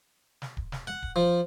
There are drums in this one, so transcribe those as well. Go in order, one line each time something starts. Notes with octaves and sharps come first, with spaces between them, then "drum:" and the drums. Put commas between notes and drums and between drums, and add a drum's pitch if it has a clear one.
drum: snare
drum: kick D1
drum: snare
F#5
drum: kick D1
F3